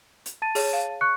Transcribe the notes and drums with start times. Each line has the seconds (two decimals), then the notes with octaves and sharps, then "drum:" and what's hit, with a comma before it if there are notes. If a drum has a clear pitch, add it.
0.26 drum: hi-hat
0.42 A5 A6 D#7
0.55 G#4 C#5, drum: open hi-hat
0.73 F5
1.01 C#6 F#6 C#7